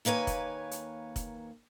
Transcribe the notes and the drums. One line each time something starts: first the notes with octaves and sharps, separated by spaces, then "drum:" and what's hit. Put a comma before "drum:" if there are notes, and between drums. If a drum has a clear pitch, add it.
D#2 A#3 B4 C#5 G#5
drum: kick, hi-hat
drum: hi-hat
drum: kick, hi-hat